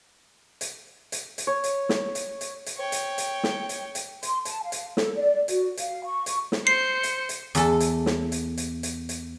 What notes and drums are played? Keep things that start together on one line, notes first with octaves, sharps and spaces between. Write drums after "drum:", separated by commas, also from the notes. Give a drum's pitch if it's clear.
drum: hi-hat
drum: hi-hat
drum: hi-hat
C#5
drum: hi-hat
drum: snare
drum: hi-hat
drum: hi-hat
drum: hi-hat
C#5 G5
drum: hi-hat
drum: hi-hat
drum: snare
drum: hi-hat
drum: hi-hat
C6, drum: hi-hat
A5, drum: hi-hat
F5
drum: hi-hat
A4, drum: snare
D5
F#4, drum: hi-hat
F5, drum: hi-hat
C#6
drum: hi-hat
drum: snare
C5 C7 C#7
drum: hi-hat
drum: hi-hat
E2 A4, drum: hi-hat
drum: hi-hat
drum: snare
drum: hi-hat
drum: hi-hat
drum: hi-hat
drum: hi-hat